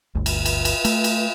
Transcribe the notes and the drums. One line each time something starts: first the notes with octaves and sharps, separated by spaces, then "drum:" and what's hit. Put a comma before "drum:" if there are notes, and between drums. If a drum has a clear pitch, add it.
G1 D2
drum: cymbal
drum: cymbal
drum: cymbal
A3, drum: cymbal
drum: cymbal